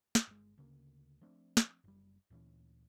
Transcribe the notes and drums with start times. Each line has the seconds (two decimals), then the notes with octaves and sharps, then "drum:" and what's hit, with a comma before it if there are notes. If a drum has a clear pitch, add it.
0.15 drum: snare
0.27 G1 G#3
0.58 D2 C#3 A#3
1.21 F3 A3 C4 D4
1.57 drum: snare
1.84 F#1 G3
2.30 D2 A#2 E3 C#4